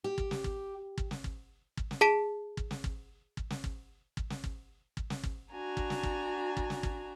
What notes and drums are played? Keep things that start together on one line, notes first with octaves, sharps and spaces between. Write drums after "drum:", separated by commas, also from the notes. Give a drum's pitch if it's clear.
G4
drum: kick
drum: snare
drum: kick
drum: kick
drum: snare
drum: kick
drum: kick
drum: snare
G#4 A5 B6 D7
drum: kick
drum: snare
drum: kick
drum: kick
drum: snare
drum: kick
drum: kick
drum: snare
drum: kick
drum: kick
drum: snare
drum: kick
D4 F#4 G#5 A#5
drum: kick
drum: snare
drum: kick
drum: kick
drum: snare
drum: kick